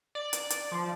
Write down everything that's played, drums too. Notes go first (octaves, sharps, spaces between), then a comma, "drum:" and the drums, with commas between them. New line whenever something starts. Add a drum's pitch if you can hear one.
D5
drum: hi-hat
drum: hi-hat
F3